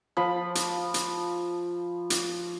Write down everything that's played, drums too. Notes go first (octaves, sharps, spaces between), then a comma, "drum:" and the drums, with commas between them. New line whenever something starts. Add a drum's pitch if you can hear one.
F3 B5
drum: hi-hat
drum: hi-hat
drum: hi-hat